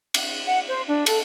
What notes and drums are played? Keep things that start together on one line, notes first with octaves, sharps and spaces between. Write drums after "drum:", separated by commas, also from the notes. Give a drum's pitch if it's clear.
drum: cymbal
F#5
C5
D4
A4, drum: cymbal